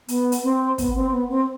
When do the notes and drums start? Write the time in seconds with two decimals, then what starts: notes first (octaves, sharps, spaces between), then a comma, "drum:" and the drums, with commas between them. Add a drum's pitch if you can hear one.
0.08 B3, drum: hi-hat
0.32 drum: hi-hat
0.43 C4
0.78 B3, drum: kick, hi-hat
0.95 C4
1.12 B3
1.29 C4